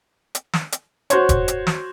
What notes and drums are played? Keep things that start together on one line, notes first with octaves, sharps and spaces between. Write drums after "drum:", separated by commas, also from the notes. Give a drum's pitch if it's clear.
drum: hi-hat
drum: snare
drum: hi-hat
F#4 C5 C#5, drum: hi-hat
drum: kick E1, hi-hat
drum: hi-hat
drum: snare